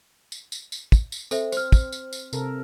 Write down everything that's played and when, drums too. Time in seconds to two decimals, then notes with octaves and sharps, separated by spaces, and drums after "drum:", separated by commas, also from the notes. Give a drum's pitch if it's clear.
0.32 drum: tambourine
0.52 drum: tambourine
0.72 drum: tambourine
0.92 drum: kick, tambourine
1.12 drum: tambourine
1.31 C4 A4 C5 E5, drum: tambourine
1.52 C5 F6, drum: tambourine
1.72 drum: kick, tambourine
1.93 drum: tambourine
2.13 drum: tambourine
2.33 C3 A4 A#4, drum: tambourine